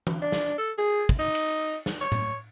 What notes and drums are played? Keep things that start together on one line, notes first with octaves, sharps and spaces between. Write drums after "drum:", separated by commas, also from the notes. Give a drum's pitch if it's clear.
drum: tom E3
D4
drum: snare
A4
G#4
drum: kick
D#4
drum: cymbal
drum: snare
C#5
drum: tom A2